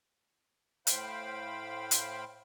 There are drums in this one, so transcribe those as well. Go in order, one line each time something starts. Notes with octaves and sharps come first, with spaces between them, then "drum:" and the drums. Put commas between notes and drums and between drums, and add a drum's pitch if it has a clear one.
A2 C5 F5 G5 B5, drum: hi-hat
drum: hi-hat